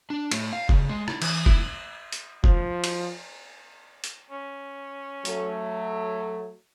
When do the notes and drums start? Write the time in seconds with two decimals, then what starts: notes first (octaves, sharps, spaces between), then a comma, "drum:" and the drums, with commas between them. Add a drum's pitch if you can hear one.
0.10 D4
0.32 A2, drum: cymbal
0.53 F5
0.69 C#3, drum: kick F1
0.89 G#3
1.08 E4, drum: rim click
1.22 E3, drum: cymbal
1.46 E4, drum: kick F1
2.13 drum: hi-hat
2.44 F3, drum: kick F1
2.84 drum: cymbal
4.04 drum: hi-hat
4.31 C#4
5.25 F#3 A3, drum: hi-hat